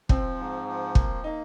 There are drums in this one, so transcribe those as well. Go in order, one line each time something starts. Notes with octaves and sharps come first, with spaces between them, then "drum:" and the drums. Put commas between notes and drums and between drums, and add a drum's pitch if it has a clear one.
F3 C4, drum: kick
G#2
F3
A#3, drum: kick
A#3 D#4